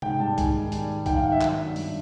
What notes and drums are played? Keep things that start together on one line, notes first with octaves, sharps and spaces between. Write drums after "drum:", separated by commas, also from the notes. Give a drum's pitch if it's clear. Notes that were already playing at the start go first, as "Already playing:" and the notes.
G#2 G5, drum: tom C3
G3 A5
G#2 G#5, drum: kick, hi-hat
D#3
G3, drum: hi-hat
G#2
D#3 G5, drum: kick, hi-hat
F5
D#3 F#5
E5
F#3, drum: clap
G2
G2, drum: open hi-hat